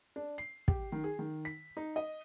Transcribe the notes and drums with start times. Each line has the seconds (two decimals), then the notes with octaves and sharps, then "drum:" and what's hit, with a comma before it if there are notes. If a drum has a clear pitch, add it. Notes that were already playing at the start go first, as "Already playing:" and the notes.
0.16 D4
0.38 C7
0.68 G4, drum: kick
0.92 D#3
1.04 G#4
1.19 D#3
1.45 B6
1.77 D#4
1.96 D#5